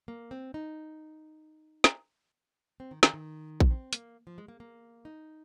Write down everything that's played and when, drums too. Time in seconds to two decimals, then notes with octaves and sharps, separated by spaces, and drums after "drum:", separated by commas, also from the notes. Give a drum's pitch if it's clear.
0.08 A#3
0.31 C4
0.54 D#4
1.84 drum: snare
2.80 C4
2.91 D#3
3.03 D#3, drum: snare
3.14 D#3
3.60 drum: kick A#1
3.71 C4
3.93 A#3, drum: hi-hat
4.27 F3
4.38 G#3
4.48 A#3
4.60 A#3
5.05 D#4